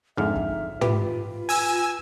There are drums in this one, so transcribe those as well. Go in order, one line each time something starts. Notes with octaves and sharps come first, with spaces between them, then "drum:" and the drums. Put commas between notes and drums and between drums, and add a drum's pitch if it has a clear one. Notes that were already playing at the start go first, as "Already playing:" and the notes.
F2 G#2 D3 E5 F6
drum: kick
F4 G4 B4, drum: tom
G#5 E6, drum: open hi-hat